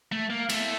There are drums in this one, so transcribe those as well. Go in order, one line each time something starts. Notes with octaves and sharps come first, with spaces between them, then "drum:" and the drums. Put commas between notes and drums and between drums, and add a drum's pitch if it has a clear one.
A3
A#3
A3, drum: cymbal